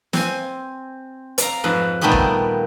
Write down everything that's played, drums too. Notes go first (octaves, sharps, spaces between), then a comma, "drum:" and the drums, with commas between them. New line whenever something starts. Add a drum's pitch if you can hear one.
C4 G#5, drum: snare
D5 F5 A#5, drum: hi-hat
F2 G#2 B4
A#2 D#3 G3 A3 B3 G4
drum: kick